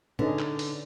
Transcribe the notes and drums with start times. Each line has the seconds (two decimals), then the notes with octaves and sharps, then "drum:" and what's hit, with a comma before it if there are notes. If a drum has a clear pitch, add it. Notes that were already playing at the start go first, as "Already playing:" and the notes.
0.19 D3 C#4 D#4 B4 D#5, drum: tom
0.39 drum: clap
0.59 drum: open hi-hat